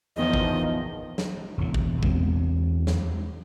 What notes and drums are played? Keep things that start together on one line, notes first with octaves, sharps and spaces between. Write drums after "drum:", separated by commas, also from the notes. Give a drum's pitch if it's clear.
E2 D3 D#3 F3 B3 D#5
drum: kick
drum: snare
E1 A2
drum: kick
E2 G#3 B3 C4, drum: kick
drum: snare